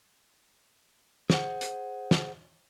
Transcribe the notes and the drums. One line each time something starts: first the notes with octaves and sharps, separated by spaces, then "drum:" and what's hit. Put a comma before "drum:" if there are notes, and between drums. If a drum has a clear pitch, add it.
G#4 C5 F#5, drum: snare
drum: hi-hat
drum: snare